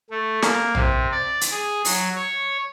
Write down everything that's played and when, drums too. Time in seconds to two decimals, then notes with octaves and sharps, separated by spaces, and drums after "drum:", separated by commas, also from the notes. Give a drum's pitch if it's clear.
0.10 A3
0.43 A#3, drum: snare
0.75 C3, drum: tom A#1
1.11 D5
1.41 drum: hi-hat
1.51 G#4
1.85 F#3, drum: open hi-hat
2.16 C#5